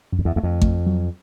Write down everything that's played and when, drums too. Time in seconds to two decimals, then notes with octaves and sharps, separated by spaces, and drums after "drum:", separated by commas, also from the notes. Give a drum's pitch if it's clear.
0.12 F#2
0.19 F2
0.25 E2
0.36 E2 A3
0.43 F2
0.62 A3, drum: kick G#1
0.86 F#3